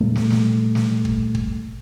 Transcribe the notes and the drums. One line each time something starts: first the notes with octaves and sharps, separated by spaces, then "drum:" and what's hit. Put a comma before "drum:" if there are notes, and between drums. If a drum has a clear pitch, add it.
A#2 G3 A3
drum: snare
drum: snare
drum: snare
drum: kick
drum: kick